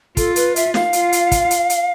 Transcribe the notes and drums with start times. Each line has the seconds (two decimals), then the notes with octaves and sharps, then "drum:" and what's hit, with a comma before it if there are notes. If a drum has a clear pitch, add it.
0.17 F4 A4, drum: kick, hi-hat
0.36 B4, drum: hi-hat
0.56 E5, drum: hi-hat
0.74 F5, drum: snare
0.93 F4, drum: hi-hat
1.12 drum: hi-hat
1.32 drum: kick, hi-hat
1.51 drum: hi-hat
1.70 drum: hi-hat